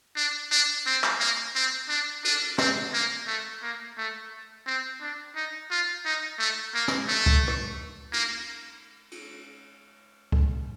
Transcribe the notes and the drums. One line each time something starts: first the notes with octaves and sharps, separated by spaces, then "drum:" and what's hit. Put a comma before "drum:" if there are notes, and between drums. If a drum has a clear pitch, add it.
D4
D4
C4
drum: clap
A#3
C4
D4
D4, drum: cymbal
C4, drum: snare
A#3
A3
A#3
A3
C4
D4
D#4
F4
D#4
A3
A#3
drum: snare
A3
drum: kick C#2
drum: rim click
A#3, drum: cymbal
drum: cymbal
drum: kick C#2